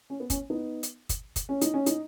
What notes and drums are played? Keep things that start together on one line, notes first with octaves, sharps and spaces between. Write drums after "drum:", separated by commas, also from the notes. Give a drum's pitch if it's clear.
C#4
B3
C#4, drum: kick, hi-hat
B3 D#4
drum: hi-hat
drum: kick, hi-hat
drum: kick, hi-hat
C#4
D#4, drum: hi-hat
C#4
D#4, drum: hi-hat